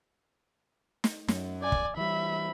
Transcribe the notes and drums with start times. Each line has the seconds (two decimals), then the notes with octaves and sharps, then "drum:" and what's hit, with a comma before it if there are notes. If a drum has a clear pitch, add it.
1.04 drum: snare
1.28 F#2, drum: snare
1.62 D5 G#5
1.72 drum: kick
1.97 E3 G3 E5 B5